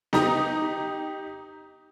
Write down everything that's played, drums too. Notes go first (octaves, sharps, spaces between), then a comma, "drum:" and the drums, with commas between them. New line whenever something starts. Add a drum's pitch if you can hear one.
D#4 G4 A#5 D#6, drum: snare B3